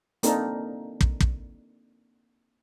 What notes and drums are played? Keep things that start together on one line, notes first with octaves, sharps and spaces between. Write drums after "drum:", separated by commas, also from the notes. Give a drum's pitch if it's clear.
A#3 C4 D4 D#4 A4 A#4, drum: hi-hat
drum: kick
drum: kick